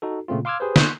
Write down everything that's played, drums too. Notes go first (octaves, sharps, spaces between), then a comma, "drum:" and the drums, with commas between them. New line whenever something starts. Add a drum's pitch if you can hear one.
D#4 F#4 A4
A#2 C#3 A3 C4 F4
F5 C6 D6 E6 F6 G#6
G4 G#4 B4 C5
C6 C#6 F#6 G6, drum: snare